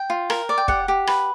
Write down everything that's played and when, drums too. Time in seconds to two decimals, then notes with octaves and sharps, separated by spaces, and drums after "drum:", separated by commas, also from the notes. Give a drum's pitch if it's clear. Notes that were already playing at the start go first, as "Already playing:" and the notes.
Already playing: G5
0.10 F4
0.30 A#4, drum: rim click
0.49 D5
0.58 G5
0.68 G4 F#5, drum: kick
0.88 G4
1.07 B4, drum: rim click